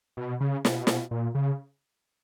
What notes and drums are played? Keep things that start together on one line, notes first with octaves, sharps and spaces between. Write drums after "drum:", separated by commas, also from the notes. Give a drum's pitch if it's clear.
B2
C#3
B2, drum: snare
drum: snare
A#2
C#3